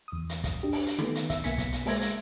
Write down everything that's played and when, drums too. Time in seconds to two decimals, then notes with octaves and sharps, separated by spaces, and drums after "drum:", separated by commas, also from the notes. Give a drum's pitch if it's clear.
0.08 E2 D#6
0.29 drum: hi-hat
0.44 drum: kick, hi-hat
0.63 D4 G4
0.72 drum: open hi-hat
0.87 drum: hi-hat
0.99 D#3 A3 B3, drum: rim click
1.15 drum: hi-hat
1.30 E5, drum: kick, hi-hat
1.44 B1 A#3 B3 G#5 B6 C#7, drum: hi-hat
1.58 drum: kick, hi-hat
1.73 drum: hi-hat
1.86 G#3 A#3 C5 E5 G#6 A#6, drum: open hi-hat
2.01 drum: hi-hat